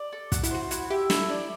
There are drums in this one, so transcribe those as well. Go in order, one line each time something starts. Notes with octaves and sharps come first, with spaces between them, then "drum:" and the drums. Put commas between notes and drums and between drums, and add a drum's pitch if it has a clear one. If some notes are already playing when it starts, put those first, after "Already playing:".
Already playing: D5
A4
F#4 F#5, drum: kick, hi-hat
E4, drum: hi-hat
F#4 C5
E4 F#4, drum: hi-hat
G4 E5
E4 A4, drum: snare
D5